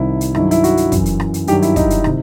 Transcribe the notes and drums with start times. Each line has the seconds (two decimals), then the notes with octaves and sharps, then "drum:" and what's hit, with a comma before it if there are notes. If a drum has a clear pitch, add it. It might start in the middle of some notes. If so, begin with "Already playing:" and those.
Already playing: C2 C3 D#3 E4
0.21 drum: hi-hat
0.35 G2 D#3 F#3 E4, drum: rim click
0.51 E4, drum: hi-hat
0.64 F#4, drum: hi-hat
0.77 drum: hi-hat
0.92 F#2 E3, drum: kick, hi-hat
1.06 drum: hi-hat
1.20 drum: rim click
1.34 drum: hi-hat
1.47 G2 D#3 F#3 G4, drum: hi-hat
1.62 E4, drum: hi-hat
1.76 D#4, drum: kick, hi-hat
1.90 drum: hi-hat
2.04 C3 D#3, drum: rim click